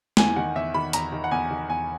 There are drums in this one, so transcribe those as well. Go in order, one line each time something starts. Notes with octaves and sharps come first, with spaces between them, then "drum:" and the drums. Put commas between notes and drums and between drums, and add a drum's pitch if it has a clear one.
E2 G#5, drum: snare
D#3 F#5
E2 E5
D#3 B5
E2 A#5, drum: hi-hat
D#3
F#5
E2 G#5
D#3
E2 G#5